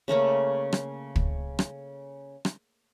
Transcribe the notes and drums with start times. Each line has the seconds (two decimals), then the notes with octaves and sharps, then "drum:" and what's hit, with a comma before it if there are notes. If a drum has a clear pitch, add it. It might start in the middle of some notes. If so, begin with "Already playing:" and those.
0.08 C#3 A3 A#3 C#4
0.73 drum: rim click
1.16 drum: kick
1.59 drum: rim click
2.45 drum: rim click